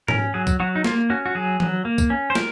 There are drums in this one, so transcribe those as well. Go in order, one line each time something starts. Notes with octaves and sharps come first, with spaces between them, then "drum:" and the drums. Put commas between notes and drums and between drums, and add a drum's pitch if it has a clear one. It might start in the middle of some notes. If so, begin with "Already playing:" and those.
C#4 A#4, drum: tom G#2
F#3 G#4
drum: kick B1, tambourine
F#3 F#4
D#4
A#3 F4, drum: snare
C#4 F#4
F#4
F#3 G#4
F#3, drum: tom E3
A#3
drum: kick B1, tambourine
C#4
C5
A#4, drum: snare